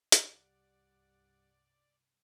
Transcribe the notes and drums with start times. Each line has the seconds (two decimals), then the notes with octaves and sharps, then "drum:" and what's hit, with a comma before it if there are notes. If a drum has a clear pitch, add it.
0.12 C2 G2 G3 D5 F#5, drum: hi-hat